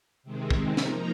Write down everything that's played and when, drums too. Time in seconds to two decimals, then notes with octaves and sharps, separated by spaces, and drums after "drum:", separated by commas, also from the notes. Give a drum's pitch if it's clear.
0.23 C3 D#3 G#3 C4
0.50 drum: kick
0.77 F3 A#3 D#4 A#5, drum: snare